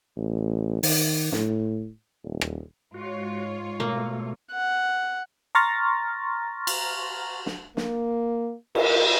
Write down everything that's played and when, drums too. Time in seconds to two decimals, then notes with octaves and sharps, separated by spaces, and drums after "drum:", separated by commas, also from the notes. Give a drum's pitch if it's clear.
0.17 A1
0.83 D#3, drum: open hi-hat
1.32 A2, drum: snare
2.24 D#1
2.41 drum: rim click
2.94 G#2 F4 F#4 C#5
3.80 B2 A3 A#3
4.52 F#5
5.55 A#5 C6 C#6 F6 A6 A#6
6.67 drum: cymbal
7.46 drum: snare
7.77 A#3, drum: snare
8.75 A#4, drum: cymbal